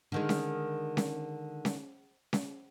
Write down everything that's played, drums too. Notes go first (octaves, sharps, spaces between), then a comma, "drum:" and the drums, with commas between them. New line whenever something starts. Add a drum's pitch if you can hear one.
D3 D#3 G#3
drum: snare C#4
drum: snare C#4
drum: snare C#4
drum: snare C#4